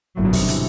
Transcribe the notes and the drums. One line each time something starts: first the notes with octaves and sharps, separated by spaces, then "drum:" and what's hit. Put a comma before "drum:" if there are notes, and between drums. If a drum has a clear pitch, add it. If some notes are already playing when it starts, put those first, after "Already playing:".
G1 F#2 A2 F#3
B2
C3, drum: kick, open hi-hat
D3
E3, drum: hi-hat